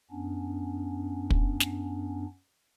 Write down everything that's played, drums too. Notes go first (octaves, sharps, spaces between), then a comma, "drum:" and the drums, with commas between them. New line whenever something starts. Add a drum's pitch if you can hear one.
F#2 B3 C#4 D4
drum: kick
drum: snare